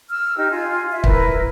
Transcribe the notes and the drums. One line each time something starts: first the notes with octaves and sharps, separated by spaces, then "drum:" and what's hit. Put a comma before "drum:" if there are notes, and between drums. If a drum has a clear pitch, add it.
E6 F6
D#4 G4
F4 G#5
E5
E4 A#4 B4, drum: kick